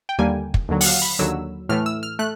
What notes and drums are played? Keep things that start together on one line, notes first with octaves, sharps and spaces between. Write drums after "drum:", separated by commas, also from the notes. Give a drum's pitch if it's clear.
G5
D#2 D3 G3 A#3 G#5
drum: kick
D#2 D3 F#3
F#5, drum: open hi-hat
F5
B5
D#2 D3 F#3 E6
A2 E3 A3 F6
E6
F6
A3 F#6